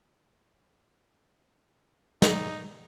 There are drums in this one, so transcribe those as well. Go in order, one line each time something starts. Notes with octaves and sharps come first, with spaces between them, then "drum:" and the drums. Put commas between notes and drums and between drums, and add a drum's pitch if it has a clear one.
D#4, drum: snare